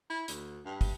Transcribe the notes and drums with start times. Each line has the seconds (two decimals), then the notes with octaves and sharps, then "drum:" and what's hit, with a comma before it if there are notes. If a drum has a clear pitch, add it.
0.10 E4
0.28 D2, drum: hi-hat
0.65 G2
0.81 drum: kick, open hi-hat